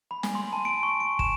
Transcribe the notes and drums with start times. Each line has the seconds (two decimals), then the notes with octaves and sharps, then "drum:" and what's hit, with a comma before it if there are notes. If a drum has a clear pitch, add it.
0.11 B5
0.23 G#5, drum: snare
0.35 C6
0.53 A5
0.65 D7
0.83 C#6
1.00 D7
1.19 E7, drum: kick